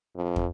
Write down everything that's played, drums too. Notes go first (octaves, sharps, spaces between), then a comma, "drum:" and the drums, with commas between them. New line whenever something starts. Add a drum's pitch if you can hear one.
F2
drum: kick